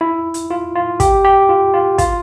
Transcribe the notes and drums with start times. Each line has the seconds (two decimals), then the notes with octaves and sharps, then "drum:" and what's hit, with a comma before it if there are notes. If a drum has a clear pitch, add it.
0.01 E4
0.34 drum: hi-hat
0.51 F4
0.75 F4
1.00 G4, drum: kick, hi-hat
1.24 G4
1.49 F4
1.74 F4
1.98 F4, drum: kick, hi-hat